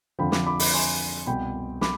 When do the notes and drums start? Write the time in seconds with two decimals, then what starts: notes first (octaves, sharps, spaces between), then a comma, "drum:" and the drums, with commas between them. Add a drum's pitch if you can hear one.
0.19 F2 D3 F3 G5 B5
0.32 B5 D6, drum: snare
0.46 B5 D6
0.60 B5 D6, drum: open hi-hat
0.73 G#5 C6
1.26 C2 B2 G5 B5
1.81 B5 D6, drum: snare